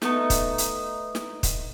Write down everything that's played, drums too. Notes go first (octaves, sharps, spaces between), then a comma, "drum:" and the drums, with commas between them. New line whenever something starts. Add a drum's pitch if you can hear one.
A3 B3 D#4, drum: snare
drum: kick, hi-hat
drum: hi-hat
drum: snare
drum: kick, hi-hat